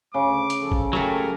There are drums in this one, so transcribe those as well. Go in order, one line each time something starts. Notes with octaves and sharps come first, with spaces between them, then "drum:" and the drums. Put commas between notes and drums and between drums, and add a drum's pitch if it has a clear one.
D2 C#3 D6
drum: hi-hat
F3 A4
drum: kick G#1
F#3 A3 G4 A4 A#4 G#5, drum: snare